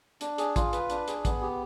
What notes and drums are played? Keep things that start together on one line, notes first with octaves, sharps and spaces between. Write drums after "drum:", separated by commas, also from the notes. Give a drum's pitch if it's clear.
D4, drum: hi-hat
G#4, drum: hi-hat
F4, drum: kick, hi-hat
B4, drum: hi-hat
D4, drum: hi-hat
G#4, drum: hi-hat
B3, drum: kick, hi-hat
G4